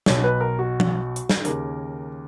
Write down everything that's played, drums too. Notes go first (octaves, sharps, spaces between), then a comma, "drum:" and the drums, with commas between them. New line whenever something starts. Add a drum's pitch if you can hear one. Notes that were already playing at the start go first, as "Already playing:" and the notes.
B1 B2 C#5, drum: snare
B4
A#4
F#4
drum: tom
drum: hi-hat
drum: snare
D#2 C#3 A#4, drum: hi-hat